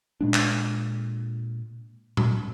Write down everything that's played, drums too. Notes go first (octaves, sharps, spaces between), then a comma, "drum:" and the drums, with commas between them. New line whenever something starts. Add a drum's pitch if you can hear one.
A#2 G#3 D4
drum: clap
drum: tom A#2